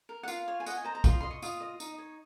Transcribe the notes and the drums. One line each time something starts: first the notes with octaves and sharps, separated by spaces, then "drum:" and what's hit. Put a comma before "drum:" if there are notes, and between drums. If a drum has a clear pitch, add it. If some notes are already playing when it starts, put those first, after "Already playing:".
A#4
F#5
F4 F5, drum: tambourine
C#5
G#5
D#5 F#5, drum: tambourine
G#5
C5 A#5
A#5
F4 C6, drum: kick, tambourine
D#5 C6
C#6
F4 D#6, drum: tambourine
D#5
D#4, drum: tambourine
C#5